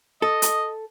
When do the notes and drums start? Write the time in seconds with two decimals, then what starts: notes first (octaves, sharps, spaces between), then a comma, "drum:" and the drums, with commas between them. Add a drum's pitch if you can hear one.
0.22 A4 D#5
0.42 drum: hi-hat